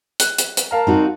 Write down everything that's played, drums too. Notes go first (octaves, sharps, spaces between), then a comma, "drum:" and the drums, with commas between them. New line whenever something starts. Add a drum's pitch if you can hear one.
F#6, drum: hi-hat
drum: hi-hat
drum: hi-hat
A#4 F5 A5
C4 D#4 F#4